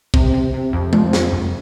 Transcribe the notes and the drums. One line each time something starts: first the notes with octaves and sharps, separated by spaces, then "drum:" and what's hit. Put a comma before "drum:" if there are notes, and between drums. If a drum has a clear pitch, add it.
C3, drum: kick
C3
C3
F2
F3, drum: tom G#3
F2, drum: snare
F#2